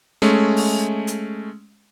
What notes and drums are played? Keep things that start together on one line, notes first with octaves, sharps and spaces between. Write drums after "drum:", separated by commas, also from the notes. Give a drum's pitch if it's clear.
G#3 A3 C#4, drum: snare
drum: open hi-hat
drum: hi-hat